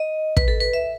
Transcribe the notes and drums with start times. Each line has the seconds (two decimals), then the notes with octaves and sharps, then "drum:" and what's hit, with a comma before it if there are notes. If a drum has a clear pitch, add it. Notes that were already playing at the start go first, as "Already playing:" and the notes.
Already playing: D#5
0.37 B4, drum: kick
0.48 A4
0.60 B4
0.73 E5